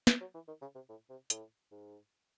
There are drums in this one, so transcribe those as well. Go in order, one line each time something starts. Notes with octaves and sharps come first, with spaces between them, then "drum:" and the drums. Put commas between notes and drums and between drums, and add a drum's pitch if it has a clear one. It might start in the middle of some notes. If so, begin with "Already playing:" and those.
E3, drum: snare
F#3
E3
D#3
C#3
C3
A2
C3
A2, drum: hi-hat
G#2